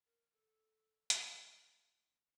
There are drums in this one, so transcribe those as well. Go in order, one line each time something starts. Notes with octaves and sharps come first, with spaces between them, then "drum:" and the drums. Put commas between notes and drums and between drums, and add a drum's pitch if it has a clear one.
A#4
A4
drum: hi-hat